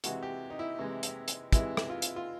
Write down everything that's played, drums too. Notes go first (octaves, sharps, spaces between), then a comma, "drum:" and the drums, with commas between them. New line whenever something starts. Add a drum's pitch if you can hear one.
C3 E3 G#3 F#4, drum: hi-hat
G4
D#4
E4
C3 E3 G#3
drum: hi-hat
drum: hi-hat
C3 E3 G#3 E4, drum: kick, hi-hat
drum: rim click
F4
drum: hi-hat
F4